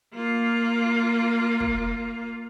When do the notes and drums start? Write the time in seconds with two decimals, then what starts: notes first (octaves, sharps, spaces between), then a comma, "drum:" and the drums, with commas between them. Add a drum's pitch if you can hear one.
0.14 A#3 F4
1.60 drum: kick